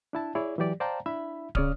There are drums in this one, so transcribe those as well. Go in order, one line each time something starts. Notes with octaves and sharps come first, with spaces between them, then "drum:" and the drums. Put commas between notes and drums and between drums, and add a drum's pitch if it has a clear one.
D4 E4 A5
E4 G#4 C#5 D5
E3 F#3 G4 D5
C5 D5 F5 G5 A5 A#5
D4 E4 E5 B5
C#3 C#4 C#5 D5 D#6 F6, drum: kick